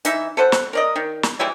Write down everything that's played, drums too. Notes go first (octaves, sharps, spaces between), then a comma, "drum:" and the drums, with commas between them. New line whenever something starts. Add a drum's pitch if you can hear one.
E3 D#4 E5, drum: hi-hat
A4 B4 C5 F#5
drum: snare
A#4 D5 D#5
D#3
drum: snare
E3 G3 G#3 E4